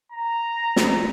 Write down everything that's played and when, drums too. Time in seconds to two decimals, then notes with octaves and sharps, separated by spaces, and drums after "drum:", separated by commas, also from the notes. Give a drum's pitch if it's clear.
0.12 A#5
0.76 drum: snare